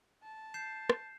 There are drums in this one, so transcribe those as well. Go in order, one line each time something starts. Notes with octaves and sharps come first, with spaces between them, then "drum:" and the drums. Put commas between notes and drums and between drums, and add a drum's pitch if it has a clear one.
A5
G6 C7 E7
drum: rim click